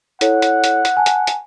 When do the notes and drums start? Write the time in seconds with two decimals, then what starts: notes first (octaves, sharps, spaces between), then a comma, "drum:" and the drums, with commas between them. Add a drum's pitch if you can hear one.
0.21 E4 A4 C#5 F#5, drum: hi-hat
0.42 drum: hi-hat
0.64 drum: hi-hat
0.85 drum: hi-hat
0.97 G#5 A5
1.06 drum: hi-hat
1.27 drum: hi-hat